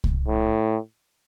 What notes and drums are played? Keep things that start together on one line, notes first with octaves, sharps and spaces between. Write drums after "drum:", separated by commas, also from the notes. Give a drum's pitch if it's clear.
drum: kick C2
A2